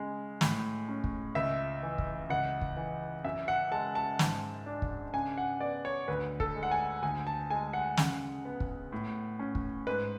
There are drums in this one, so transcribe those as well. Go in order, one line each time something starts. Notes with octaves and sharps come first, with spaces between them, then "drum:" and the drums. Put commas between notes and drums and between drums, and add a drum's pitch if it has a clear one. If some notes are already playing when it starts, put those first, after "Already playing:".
Already playing: C#3 G#3
A2, drum: snare
C#4
drum: kick
C#2 E5
E3
drum: kick
C#2 F#5
drum: kick
E3
F#2 E5
F#5
G#3 A5
A5
G#2, drum: snare
D4
drum: kick
C#3 G#5
F#5
B3 D5
C#5
D2 B4
A4, drum: kick
G#3
F#5
G#5
D2 G#5
A5
G#3 G#5
F#5
C#3, drum: snare
B3
drum: kick
A2
C#4
drum: kick
G#2 B4